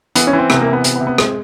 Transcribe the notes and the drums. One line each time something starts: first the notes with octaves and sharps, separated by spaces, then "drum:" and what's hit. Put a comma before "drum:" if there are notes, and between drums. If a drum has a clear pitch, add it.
E3 B3, drum: hi-hat
C#4
E3
C4
C3 B3, drum: rim click
A#3
E3
B3
C3 B3, drum: hi-hat
B3
C3
B3
G#3 C4, drum: rim click